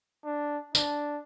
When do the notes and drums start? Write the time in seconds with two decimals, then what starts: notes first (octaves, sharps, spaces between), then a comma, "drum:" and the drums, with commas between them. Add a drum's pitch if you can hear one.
0.25 D4
0.75 D4, drum: tambourine